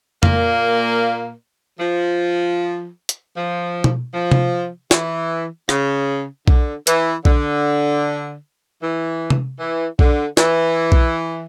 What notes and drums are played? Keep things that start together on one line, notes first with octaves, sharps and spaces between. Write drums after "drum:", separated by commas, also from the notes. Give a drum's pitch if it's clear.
A#2 A#3, drum: tom F2
F3
drum: hi-hat
F3
drum: tom B2
F3
drum: tom C3
E3, drum: snare
C#3, drum: rim click
D3, drum: kick B1
E3, drum: hi-hat
D3, drum: kick B1
E3
drum: tom C3
E3
D3, drum: kick B1
E3, drum: snare
drum: kick B1